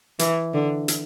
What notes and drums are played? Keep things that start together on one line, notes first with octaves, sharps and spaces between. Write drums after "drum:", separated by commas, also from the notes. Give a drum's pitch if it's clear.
E3, drum: hi-hat
D3
drum: hi-hat